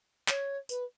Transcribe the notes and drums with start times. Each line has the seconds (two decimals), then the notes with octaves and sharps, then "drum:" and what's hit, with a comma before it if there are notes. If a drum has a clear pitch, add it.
0.29 C#5, drum: clap
0.69 B4, drum: tambourine